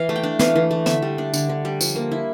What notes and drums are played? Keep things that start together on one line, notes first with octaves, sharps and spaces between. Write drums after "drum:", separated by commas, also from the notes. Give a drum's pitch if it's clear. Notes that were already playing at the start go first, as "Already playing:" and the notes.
Already playing: E3 F5
A3
G5
D4
E3 F5, drum: snare
E3
A3
D3 E5, drum: snare
G3
D4
D3, drum: tambourine
D3
G3
F3, drum: tambourine
A#3
E4